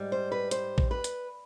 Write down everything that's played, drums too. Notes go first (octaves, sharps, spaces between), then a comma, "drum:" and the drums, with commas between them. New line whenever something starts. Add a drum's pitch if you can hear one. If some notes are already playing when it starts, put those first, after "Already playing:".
Already playing: G#2 G3
C5
B4
C5, drum: hi-hat
drum: kick
B4
drum: hi-hat